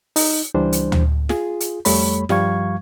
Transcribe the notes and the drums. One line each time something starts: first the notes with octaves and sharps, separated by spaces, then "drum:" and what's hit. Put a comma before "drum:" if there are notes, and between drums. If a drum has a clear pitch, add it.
D#4, drum: open hi-hat
C#2 E3 G3 D4 C5
drum: hi-hat
drum: tom D2
F4 G#4, drum: snare
drum: hi-hat
F2 G3 A3 C#5 B5, drum: open hi-hat
G2 F3 G3 F5 C#6 G#6, drum: snare